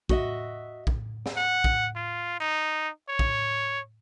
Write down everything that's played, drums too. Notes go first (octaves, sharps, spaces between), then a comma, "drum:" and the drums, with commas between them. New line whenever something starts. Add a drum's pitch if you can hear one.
F#4 D#5 E5, drum: kick
drum: kick
drum: snare
F#5
drum: kick
F4
D#4
C#5
drum: kick